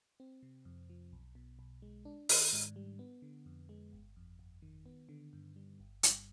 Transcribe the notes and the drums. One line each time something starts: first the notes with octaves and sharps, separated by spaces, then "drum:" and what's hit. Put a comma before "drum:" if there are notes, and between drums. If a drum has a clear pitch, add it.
C4
C3
F2
F3
B1
B2
B1
G#3
D4
D#3, drum: open hi-hat
G#2
G3
B3
D3
F2
G#3
G1
F2
G1
D#3
B3
D3
G2
G3
G1
G2, drum: hi-hat